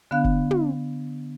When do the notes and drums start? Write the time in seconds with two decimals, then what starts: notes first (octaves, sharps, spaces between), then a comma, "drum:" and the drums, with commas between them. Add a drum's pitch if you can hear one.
0.11 D3 B3 D4 F5 F#6
0.24 drum: kick
0.51 drum: tom